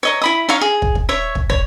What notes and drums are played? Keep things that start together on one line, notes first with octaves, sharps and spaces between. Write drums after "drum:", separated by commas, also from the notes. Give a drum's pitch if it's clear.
C#5 D#5 A#5
E4 B5 D#6
D#4 C#5 F5 C#6
G#4
drum: kick
drum: kick
C#5 E5
drum: kick
C#5, drum: kick